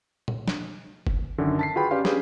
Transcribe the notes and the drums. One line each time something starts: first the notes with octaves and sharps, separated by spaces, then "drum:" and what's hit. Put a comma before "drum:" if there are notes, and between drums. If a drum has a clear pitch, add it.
drum: tom A#2
drum: snare
drum: kick F#1
F#2 D3 D#3
A5 B6 C7
F4 F#4 G#4 B4 G5 B5
C#4 G4 B4 D5 F5 C6
C#4 D4 G4 G#4 B4, drum: snare